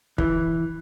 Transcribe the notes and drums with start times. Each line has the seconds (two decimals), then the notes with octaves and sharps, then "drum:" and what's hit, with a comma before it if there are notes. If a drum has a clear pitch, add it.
0.18 E3, drum: kick